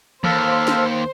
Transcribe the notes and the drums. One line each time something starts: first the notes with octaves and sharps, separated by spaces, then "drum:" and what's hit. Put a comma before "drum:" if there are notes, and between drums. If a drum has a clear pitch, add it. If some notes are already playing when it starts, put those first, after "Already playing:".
D#2 A4 C5 F5 B5, drum: tom E3
drum: snare